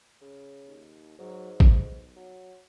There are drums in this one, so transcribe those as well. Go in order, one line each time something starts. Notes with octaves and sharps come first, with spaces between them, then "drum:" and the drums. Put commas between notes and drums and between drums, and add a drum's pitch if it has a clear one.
C#3
D#2
G#2 F#3
B1, drum: kick A1
F#3